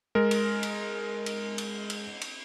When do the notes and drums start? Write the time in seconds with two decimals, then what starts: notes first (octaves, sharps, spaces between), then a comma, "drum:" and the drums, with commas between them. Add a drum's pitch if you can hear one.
0.15 G#3 A#4
0.31 drum: cymbal
0.63 drum: cymbal
1.26 drum: cymbal
1.58 drum: cymbal
1.90 drum: cymbal
2.21 drum: cymbal